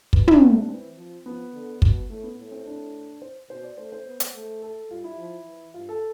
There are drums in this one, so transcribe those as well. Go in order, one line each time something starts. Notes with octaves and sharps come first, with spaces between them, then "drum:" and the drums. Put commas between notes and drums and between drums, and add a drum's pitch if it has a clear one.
B2 B4, drum: kick
D4, drum: tom
C3 C4
D4
E3 C4
F3
F3 B3
D3
B2, drum: kick
A2 A3
B3
A2
C4
D4
C5
B2 C5
D5
A3 C5
C5
B3
drum: hi-hat
A3
A4
G3 F4
E4
F3
E3
G2 F4
A4